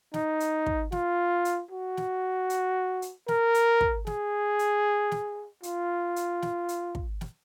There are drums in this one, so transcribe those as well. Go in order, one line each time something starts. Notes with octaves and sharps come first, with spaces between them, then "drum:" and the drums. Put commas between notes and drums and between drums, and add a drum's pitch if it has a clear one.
D#4, drum: snare
drum: hi-hat
drum: kick
F4, drum: snare
drum: hi-hat
F#4
drum: snare
drum: hi-hat
drum: hi-hat
A#4, drum: snare
drum: hi-hat
drum: kick
G#4, drum: snare
drum: hi-hat
drum: snare
F4, drum: hi-hat
drum: hi-hat
drum: snare
drum: hi-hat
drum: kick
drum: snare